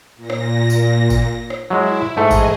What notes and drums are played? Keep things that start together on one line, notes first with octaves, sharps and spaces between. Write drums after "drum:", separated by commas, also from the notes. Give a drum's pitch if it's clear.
A#2 A#6
drum: rim click
drum: tambourine
drum: kick G#1, tambourine
drum: rim click
F#3 G#3 E4
G#2 E3 A3 G#4 D#5
drum: kick G#1, tambourine